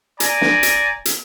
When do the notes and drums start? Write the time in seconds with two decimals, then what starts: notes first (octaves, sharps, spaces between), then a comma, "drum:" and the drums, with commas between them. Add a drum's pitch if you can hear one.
0.20 D5 G#5 A#5, drum: hi-hat
0.41 drum: snare
0.63 drum: hi-hat
1.05 drum: hi-hat